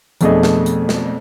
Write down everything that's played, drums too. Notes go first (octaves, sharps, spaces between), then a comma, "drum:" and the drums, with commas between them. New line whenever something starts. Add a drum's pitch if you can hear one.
F2 B2 A3 D4 G#4 D#5, drum: hi-hat
drum: snare
drum: hi-hat
drum: snare